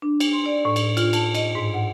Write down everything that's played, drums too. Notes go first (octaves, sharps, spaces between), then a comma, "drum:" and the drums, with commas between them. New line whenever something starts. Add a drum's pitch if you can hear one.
D4
drum: cymbal
C6
D5
A2
drum: cymbal
F4, drum: cymbal
A5, drum: cymbal
D#5, drum: cymbal
G#2
F#5